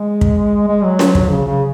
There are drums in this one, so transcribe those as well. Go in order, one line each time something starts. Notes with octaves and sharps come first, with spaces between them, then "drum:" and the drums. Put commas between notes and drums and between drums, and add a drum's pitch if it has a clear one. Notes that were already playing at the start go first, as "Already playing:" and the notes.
Already playing: G#3
drum: kick
G#3
F#3
drum: snare C#4
drum: kick
C#3
C#3